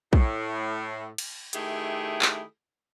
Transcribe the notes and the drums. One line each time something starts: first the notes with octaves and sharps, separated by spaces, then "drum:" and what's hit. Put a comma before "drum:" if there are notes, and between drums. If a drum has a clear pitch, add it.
A2, drum: kick
drum: cymbal
D#3 A3 E4 G4 G#4, drum: hi-hat
drum: clap